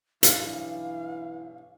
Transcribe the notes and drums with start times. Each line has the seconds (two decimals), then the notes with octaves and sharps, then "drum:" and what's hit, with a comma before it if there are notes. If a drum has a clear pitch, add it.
0.23 B1 G2 E3 C#4 F5, drum: hi-hat